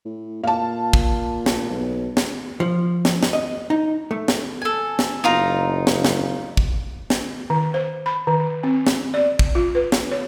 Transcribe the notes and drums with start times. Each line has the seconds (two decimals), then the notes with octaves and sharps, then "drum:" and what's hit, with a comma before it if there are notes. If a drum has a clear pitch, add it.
0.05 A2
0.44 A#2 F5 A5
0.93 drum: kick
1.46 drum: snare
1.70 B1
2.17 drum: snare
2.60 F3
3.05 drum: snare
3.23 drum: snare
3.33 D#5
3.70 D#4
4.11 A3
4.28 drum: snare
4.62 A4 G#5
4.99 drum: snare
5.24 F#1 D#4 F4 A#5
5.87 drum: snare
6.05 drum: snare
6.57 drum: kick
7.10 drum: snare
7.50 D#3
7.74 C5
8.06 B5
8.27 D#3
8.63 C4
8.87 drum: snare
9.14 D5
9.39 drum: kick
9.55 F4
9.75 B4
9.92 drum: snare
10.11 C#5